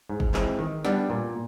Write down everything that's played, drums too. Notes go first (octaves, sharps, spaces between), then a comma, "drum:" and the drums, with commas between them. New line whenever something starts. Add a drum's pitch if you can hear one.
G#2
drum: kick
E3 G#3 C4, drum: clap
D#3
G3 B3 D4, drum: snare
A#2